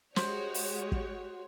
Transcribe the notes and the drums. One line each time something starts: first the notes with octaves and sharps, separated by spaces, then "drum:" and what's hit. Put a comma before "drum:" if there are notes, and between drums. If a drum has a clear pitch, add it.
G#3 F#4 G4 C5 C#5, drum: snare
drum: open hi-hat
drum: kick